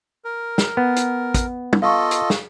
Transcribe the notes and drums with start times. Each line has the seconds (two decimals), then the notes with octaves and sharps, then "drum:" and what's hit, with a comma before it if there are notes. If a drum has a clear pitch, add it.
0.25 A#4
0.58 drum: snare
0.77 B3
0.96 drum: hi-hat
1.34 drum: kick, hi-hat
1.73 drum: tom
1.82 F4 A4 D#5 F5 C#6
2.11 drum: hi-hat
2.30 drum: snare